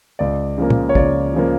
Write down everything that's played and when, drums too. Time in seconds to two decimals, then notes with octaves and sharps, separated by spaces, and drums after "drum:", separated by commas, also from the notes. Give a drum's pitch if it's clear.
0.19 C#2 D5
0.58 C#3 F3 A#3
0.70 drum: tom
0.89 C#5
0.95 C#2 D5, drum: kick
1.34 C#3 F3 A#3